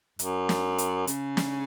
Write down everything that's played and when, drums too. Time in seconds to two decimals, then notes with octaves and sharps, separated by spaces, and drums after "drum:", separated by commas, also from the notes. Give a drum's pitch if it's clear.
0.19 F#2, drum: hi-hat
0.49 drum: snare
0.78 drum: hi-hat
1.07 C#3, drum: hi-hat
1.37 drum: snare